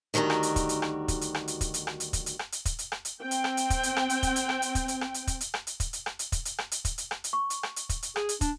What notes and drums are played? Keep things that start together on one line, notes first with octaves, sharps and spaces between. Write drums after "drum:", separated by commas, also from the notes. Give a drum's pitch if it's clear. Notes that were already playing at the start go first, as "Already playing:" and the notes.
D2 D#3 G3 F#4 A#5
drum: rim click
drum: hi-hat
drum: kick, hi-hat
drum: hi-hat
drum: rim click
drum: kick, hi-hat
drum: hi-hat
drum: rim click
drum: hi-hat
drum: kick, hi-hat
drum: hi-hat
drum: rim click
drum: hi-hat
drum: kick, hi-hat
drum: hi-hat
drum: rim click
drum: hi-hat
drum: kick, hi-hat
drum: hi-hat
drum: rim click
drum: hi-hat
C4 G5
drum: hi-hat
drum: rim click
drum: hi-hat
drum: kick, hi-hat
drum: hi-hat
drum: rim click
drum: hi-hat
drum: kick, hi-hat
drum: hi-hat
drum: rim click
drum: hi-hat
drum: kick, hi-hat
drum: hi-hat
drum: rim click
drum: hi-hat
drum: kick, hi-hat
drum: hi-hat
drum: rim click
drum: hi-hat
drum: kick, hi-hat
drum: hi-hat
drum: rim click
drum: hi-hat
drum: kick, hi-hat
drum: hi-hat
drum: rim click
drum: hi-hat
drum: kick, hi-hat
drum: hi-hat
drum: rim click
drum: hi-hat
C#6
drum: hi-hat
drum: rim click
drum: hi-hat
drum: kick, hi-hat
drum: hi-hat
G#4, drum: rim click
drum: hi-hat
D4, drum: kick, hi-hat